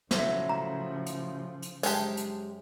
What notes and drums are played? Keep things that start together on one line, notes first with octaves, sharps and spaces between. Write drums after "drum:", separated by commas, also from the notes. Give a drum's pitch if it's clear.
A2 C#3 F3 F#3 A3, drum: snare
A#5
drum: hi-hat
drum: hi-hat
F#2 G#3 G4 C5 A5, drum: tambourine
drum: hi-hat